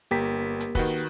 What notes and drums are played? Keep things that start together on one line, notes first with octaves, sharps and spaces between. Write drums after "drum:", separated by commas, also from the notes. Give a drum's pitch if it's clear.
G1 A#3 G4 A#4 B6
drum: hi-hat
D#3 F#4 B4, drum: kick, open hi-hat